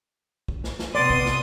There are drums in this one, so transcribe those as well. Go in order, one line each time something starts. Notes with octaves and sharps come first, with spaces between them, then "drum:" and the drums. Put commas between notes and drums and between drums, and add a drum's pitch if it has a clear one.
drum: kick
drum: snare
drum: snare
C3 B3 D5 C6 D#6
drum: kick
drum: snare